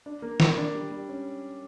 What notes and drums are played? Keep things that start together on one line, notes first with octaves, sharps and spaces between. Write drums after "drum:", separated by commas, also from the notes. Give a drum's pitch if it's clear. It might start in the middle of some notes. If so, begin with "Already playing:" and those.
D4
A#3
A#3, drum: snare
D4
G3
G3
C#4